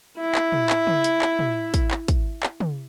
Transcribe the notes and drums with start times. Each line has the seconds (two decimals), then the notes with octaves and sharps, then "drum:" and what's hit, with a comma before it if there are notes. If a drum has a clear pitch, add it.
0.18 E4 E5
0.35 drum: clap
0.52 drum: tom
0.70 drum: clap
0.87 drum: tom
1.04 drum: hi-hat
1.22 drum: clap
1.39 drum: tom
1.74 drum: kick, hi-hat
1.91 drum: clap
2.08 drum: kick, hi-hat
2.43 drum: clap
2.60 drum: tom